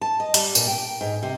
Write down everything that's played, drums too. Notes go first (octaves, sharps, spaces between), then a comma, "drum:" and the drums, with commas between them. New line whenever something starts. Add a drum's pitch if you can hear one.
A5
D#5
G3, drum: hi-hat
A#2, drum: tambourine
G5
G#2
C3